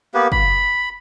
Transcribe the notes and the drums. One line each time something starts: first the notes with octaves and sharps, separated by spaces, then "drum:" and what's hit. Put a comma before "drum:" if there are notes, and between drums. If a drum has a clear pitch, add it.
A#3 B3 G4 B4
B5, drum: kick